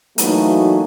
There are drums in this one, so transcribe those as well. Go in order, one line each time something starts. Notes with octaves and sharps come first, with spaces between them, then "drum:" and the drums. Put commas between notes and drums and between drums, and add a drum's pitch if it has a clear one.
E3 F#3 A3 A#3 D#4 F#4, drum: hi-hat